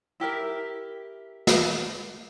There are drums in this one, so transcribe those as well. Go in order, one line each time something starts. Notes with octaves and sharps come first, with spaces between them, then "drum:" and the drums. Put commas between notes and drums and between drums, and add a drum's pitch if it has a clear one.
E4 G4 A#4 E5
drum: snare